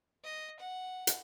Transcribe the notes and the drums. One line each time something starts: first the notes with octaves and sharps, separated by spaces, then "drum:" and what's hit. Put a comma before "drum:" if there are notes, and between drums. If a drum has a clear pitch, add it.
D#5
F#5
drum: hi-hat